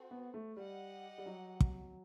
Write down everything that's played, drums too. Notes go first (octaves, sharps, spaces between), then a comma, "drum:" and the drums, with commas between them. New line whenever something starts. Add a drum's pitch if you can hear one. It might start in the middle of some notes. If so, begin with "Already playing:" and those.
Already playing: C4 F#4 A4 C5
B3
A3
G3 G4 D#5 F#5
G3
F#3
drum: kick